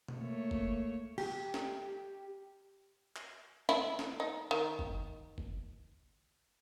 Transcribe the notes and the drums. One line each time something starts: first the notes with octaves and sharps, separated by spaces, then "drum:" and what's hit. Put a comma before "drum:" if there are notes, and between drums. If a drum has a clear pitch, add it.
drum: tom B2
A3 A#3 C#5
drum: kick F#1
G4, drum: cymbal
drum: snare
drum: clap
E4, drum: snare
drum: snare
D#4
D#3
drum: kick F#1
drum: kick F#1